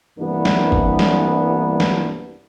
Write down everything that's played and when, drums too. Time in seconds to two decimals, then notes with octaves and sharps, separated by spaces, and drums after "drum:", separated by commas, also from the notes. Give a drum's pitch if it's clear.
0.18 C2 G2 E3 A#3 B3 D4
0.45 drum: snare
0.72 drum: kick
0.99 drum: snare
1.80 drum: snare